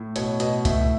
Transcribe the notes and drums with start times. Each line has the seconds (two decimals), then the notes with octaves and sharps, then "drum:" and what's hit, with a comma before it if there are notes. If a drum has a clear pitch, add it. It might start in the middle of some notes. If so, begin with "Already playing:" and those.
Already playing: A2
0.16 B2 C#5, drum: hi-hat
0.40 B2 D#5, drum: hi-hat
0.65 A2 E5, drum: kick C2, hi-hat